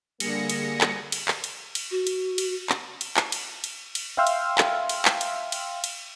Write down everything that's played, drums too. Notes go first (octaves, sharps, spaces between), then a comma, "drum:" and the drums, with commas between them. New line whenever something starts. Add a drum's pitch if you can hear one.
D3 G3 A#3 G#4 A#6 C#7, drum: cymbal
drum: cymbal
drum: clap
drum: cymbal
drum: clap
drum: cymbal
drum: cymbal
F#4
drum: cymbal
drum: cymbal
drum: clap
drum: cymbal
drum: clap
drum: cymbal
drum: cymbal
drum: cymbal
E5 F5 G5 C6 E6 F6
drum: cymbal
drum: clap
drum: cymbal
drum: clap
drum: cymbal
drum: cymbal
drum: cymbal